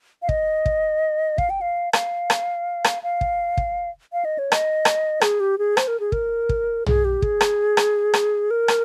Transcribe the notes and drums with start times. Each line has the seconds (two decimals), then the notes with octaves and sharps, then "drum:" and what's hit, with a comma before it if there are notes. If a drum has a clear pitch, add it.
0.22 F5
0.29 D#5, drum: kick
0.66 drum: kick
1.38 F5, drum: kick
1.50 G5
1.61 F5
1.93 F5, drum: rim click
2.30 drum: rim click
2.84 drum: rim click
3.03 F5
3.21 drum: kick
3.57 drum: kick
4.13 F5
4.25 D#5
4.39 C#5
4.52 D#5, drum: rim click
4.85 drum: rim click
5.21 G#4, drum: rim click
5.40 G4
5.58 G#4
5.77 C5, drum: rim click
5.88 A#4
6.00 G#4
6.12 A#4, drum: kick
6.49 drum: kick
6.86 G#4, drum: tom
7.05 G4
7.22 G#4, drum: kick
7.41 drum: rim click
7.77 drum: rim click
8.14 drum: rim click
8.51 A#4
8.68 drum: rim click